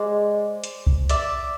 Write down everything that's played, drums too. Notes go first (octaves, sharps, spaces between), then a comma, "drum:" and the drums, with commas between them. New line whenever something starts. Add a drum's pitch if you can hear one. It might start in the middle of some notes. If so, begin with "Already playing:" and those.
Already playing: G#3 C5 D5
drum: hi-hat
drum: kick C2
D5 E5, drum: hi-hat